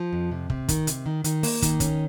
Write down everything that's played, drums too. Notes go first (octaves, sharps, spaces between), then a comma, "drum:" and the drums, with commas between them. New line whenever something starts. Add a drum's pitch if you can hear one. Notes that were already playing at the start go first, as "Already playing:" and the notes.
Already playing: F3
F2
C3
C3, drum: kick
D#3, drum: kick, hi-hat
C3, drum: hi-hat
D#3
D#3, drum: hi-hat
A#3, drum: open hi-hat
D#3, drum: kick, hi-hat
C#4, drum: kick, hi-hat